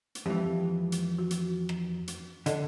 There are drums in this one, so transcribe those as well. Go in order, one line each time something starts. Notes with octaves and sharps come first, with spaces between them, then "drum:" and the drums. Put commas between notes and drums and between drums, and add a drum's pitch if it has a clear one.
drum: hi-hat
F2 E3 G#3 G4
drum: hi-hat
F#4
drum: hi-hat
drum: rim click
drum: hi-hat
D3 A4 D5 D#5, drum: hi-hat